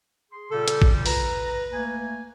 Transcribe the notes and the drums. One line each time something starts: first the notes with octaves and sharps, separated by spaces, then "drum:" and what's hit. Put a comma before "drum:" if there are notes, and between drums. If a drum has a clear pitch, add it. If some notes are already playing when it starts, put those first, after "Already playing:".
G#4 C6
A#2 C#3 G3 A4
drum: hi-hat
drum: kick A1
B4 A#5, drum: open hi-hat
A3 A#3 G#5